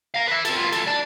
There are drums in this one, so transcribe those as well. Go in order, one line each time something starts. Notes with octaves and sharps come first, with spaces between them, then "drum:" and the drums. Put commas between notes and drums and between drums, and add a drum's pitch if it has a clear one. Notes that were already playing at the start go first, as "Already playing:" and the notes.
F5 A#5
B4 E5
C4 A4, drum: cymbal
B3 F4
E3 A4, drum: cymbal
D5 A5